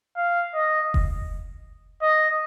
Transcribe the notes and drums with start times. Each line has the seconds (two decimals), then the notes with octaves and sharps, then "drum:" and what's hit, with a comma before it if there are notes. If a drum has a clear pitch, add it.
0.17 F5
0.54 D#5
0.94 drum: kick F1
2.02 D#5